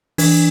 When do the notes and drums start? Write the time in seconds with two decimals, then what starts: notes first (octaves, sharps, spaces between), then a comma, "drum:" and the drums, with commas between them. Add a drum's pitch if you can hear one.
0.18 E3 D4, drum: open hi-hat